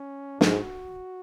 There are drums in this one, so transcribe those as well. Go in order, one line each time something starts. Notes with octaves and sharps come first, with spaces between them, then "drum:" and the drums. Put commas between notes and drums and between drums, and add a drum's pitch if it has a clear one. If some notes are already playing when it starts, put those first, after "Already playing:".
Already playing: C#4
G#2 F#4, drum: snare